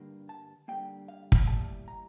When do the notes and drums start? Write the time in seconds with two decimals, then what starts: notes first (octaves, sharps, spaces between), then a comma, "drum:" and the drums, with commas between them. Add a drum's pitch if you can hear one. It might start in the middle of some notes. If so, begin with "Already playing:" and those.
Already playing: G2 D3 G3 A#3
0.29 A5
0.68 G2 D3 G3 A#3 G5
1.08 F5
1.32 drum: kick
1.47 A2 G3 A#3 A5
1.88 A#5